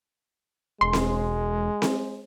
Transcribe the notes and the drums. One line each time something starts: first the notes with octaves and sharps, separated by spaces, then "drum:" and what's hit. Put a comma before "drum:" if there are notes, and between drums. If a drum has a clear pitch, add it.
E1 G#3 C6
drum: snare C4
drum: snare C4